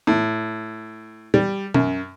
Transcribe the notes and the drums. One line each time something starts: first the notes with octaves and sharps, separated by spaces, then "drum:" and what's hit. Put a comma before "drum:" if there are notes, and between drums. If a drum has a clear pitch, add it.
A2
G3, drum: tom A#2
F#2, drum: tom B2